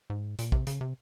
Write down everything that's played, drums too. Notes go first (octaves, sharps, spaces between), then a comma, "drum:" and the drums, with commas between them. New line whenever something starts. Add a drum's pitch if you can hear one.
G#2
A#2, drum: hi-hat
C3, drum: kick
C#3, drum: hi-hat
C3